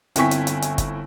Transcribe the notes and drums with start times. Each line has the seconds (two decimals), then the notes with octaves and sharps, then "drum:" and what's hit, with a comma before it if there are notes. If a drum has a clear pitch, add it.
0.16 G1 C4 E4 G#5 C#6 B6, drum: hi-hat
0.31 drum: hi-hat
0.47 drum: hi-hat
0.62 drum: hi-hat
0.78 drum: kick, hi-hat